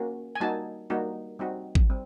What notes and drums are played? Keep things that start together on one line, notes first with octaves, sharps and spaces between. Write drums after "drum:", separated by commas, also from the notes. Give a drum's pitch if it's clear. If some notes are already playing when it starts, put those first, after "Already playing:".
Already playing: A#3 C#4 F#4
G#5
G3 A#3 D#4 F#4 A5
G3 A#3 D#4 F#4
G3 C4 D#4 F#4
drum: kick
G3 C4